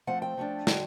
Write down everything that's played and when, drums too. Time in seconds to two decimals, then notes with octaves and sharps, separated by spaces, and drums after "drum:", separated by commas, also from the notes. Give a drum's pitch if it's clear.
0.07 F3 A3 C4 F#5
0.22 G5
0.37 F3 A3 D4
0.67 D3 F#3, drum: snare